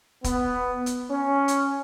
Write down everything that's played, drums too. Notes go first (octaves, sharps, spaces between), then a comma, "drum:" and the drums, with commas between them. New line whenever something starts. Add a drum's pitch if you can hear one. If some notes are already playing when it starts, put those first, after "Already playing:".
B3, drum: kick, hi-hat
drum: hi-hat
C#4
drum: hi-hat